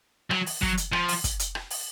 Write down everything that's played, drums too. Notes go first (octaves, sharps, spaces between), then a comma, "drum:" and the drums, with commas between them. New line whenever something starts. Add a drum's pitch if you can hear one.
F#3, drum: rim click
drum: open hi-hat
F#3, drum: kick
drum: hi-hat
F3, drum: rim click
drum: open hi-hat
drum: kick, hi-hat
drum: hi-hat
drum: rim click
drum: open hi-hat